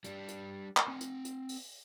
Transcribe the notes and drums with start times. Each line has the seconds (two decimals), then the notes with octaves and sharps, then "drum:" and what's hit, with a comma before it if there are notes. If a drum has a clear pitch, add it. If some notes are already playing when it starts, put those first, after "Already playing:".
0.04 G3 D4, drum: hi-hat
0.28 drum: hi-hat
0.77 drum: clap
0.88 C4 G#5
1.01 drum: hi-hat
1.25 drum: hi-hat
1.49 drum: open hi-hat